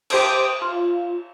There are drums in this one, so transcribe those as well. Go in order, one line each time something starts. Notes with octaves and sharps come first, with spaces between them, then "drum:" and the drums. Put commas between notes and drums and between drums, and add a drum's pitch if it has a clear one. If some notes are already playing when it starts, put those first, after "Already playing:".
G4 C5 D#6 D7, drum: cymbal
F4